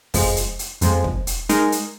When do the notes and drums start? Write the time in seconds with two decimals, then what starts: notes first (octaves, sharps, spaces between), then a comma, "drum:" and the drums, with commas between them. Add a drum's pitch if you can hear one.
0.14 F2 F3 G#3, drum: kick, open hi-hat
0.36 drum: hi-hat
0.59 drum: hi-hat
0.81 F2 F3 G#3, drum: hi-hat
1.04 drum: kick
1.27 drum: hi-hat
1.49 G#3 D#4 A#4, drum: hi-hat
1.72 drum: hi-hat